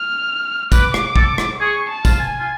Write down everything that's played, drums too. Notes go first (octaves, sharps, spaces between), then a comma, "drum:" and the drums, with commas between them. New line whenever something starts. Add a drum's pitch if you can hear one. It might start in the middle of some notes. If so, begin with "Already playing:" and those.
Already playing: F6
B4 D6, drum: kick, tambourine
drum: rim click
A4, drum: kick
drum: rim click
G#4 C#6
A5
F4, drum: kick, tambourine
G#5
F4